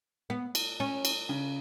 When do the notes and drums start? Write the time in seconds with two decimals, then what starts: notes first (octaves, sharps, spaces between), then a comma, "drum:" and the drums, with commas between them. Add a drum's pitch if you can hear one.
0.30 B3
0.55 drum: cymbal
0.80 C#4
1.05 drum: cymbal
1.29 C#3